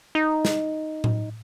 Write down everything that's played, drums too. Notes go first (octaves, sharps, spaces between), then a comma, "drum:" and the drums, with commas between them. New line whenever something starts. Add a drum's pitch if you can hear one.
D#4
drum: snare
drum: tom A2